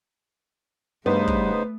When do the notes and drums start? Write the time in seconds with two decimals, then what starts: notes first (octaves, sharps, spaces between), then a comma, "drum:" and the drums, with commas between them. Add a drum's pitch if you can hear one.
1.06 G2 C#3 A3 B3 D#4 C5
1.28 drum: kick